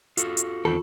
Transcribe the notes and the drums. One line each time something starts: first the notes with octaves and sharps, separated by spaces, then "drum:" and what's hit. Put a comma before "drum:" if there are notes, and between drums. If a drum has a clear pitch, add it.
F4 F#4 A4, drum: hi-hat
drum: hi-hat
E2 D#3 C4 F4 A4 C#6